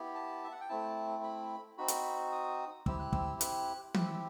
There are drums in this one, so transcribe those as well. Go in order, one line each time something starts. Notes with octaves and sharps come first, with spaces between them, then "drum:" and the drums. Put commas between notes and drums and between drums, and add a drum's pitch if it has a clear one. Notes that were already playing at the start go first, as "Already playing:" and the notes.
Already playing: B3 E4 G4
A5
E5
F#5
G5
A3 C4 E4 A5
B5
C4 D#4 F#4 B5
drum: hi-hat
D#6
C4 E4 G4 E6, drum: kick
F#6
E6, drum: kick
F#6, drum: hi-hat
C4 E4 G4 F#6, drum: tom E3
E6